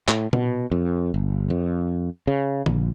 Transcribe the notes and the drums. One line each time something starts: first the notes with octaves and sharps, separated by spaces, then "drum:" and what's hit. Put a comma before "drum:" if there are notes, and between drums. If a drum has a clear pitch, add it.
A2, drum: clap
B2, drum: tom A#2
F2
G1
F2
C#3
A#1, drum: tom D3